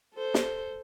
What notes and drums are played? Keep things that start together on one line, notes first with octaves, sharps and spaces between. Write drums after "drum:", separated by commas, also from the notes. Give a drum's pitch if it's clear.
A4 C5
drum: snare